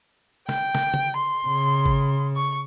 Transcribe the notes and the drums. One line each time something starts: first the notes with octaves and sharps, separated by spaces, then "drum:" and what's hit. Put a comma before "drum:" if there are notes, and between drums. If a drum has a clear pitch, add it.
G5, drum: snare
drum: snare
drum: tom
C6
C#3
drum: kick
C#6